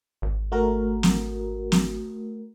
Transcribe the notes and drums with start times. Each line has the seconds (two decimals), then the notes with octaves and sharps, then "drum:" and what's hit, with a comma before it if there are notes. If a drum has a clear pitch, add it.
0.22 G#1
0.52 A3 F#4 A#4
1.03 drum: snare
1.72 drum: snare